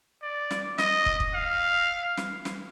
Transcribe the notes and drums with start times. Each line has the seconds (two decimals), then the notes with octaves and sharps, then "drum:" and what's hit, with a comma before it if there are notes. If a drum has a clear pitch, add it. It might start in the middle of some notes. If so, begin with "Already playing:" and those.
0.22 D5
0.51 drum: snare
0.78 D#5, drum: snare
1.06 drum: kick
1.20 drum: kick
1.34 F5
2.17 drum: snare
2.45 drum: snare